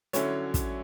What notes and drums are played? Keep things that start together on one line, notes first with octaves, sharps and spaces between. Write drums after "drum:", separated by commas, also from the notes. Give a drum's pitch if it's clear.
D3 F#3 C#4 E4 C#5, drum: hi-hat
drum: kick, hi-hat